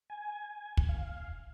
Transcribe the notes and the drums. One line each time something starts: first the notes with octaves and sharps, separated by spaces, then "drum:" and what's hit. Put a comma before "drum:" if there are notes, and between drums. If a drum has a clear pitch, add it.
G#5
drum: kick
F5